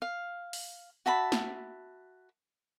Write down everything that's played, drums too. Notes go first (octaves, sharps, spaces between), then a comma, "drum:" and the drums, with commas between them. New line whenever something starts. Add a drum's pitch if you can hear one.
F5
drum: open hi-hat
F#4 E5 A5 B5
drum: snare